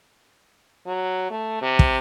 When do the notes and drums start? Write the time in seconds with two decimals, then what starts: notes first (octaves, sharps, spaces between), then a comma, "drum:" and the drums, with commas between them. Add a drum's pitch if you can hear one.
0.87 F#3
1.31 A3
1.62 C3
1.79 drum: kick